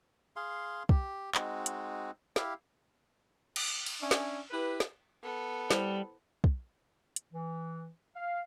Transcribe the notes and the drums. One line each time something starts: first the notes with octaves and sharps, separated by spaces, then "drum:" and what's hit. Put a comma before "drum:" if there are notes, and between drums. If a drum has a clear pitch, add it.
G#4 F5 C6
G4, drum: kick
G#3 C4 D#4 F#4, drum: clap
drum: hi-hat
E4 G4 F5, drum: snare
drum: cymbal
drum: cymbal
C#4 D4 D5 E5 G#5
drum: snare
E4 G4 B4
drum: snare
B3 A4
G3 E4 C5, drum: snare
drum: kick
drum: hi-hat
E3
F5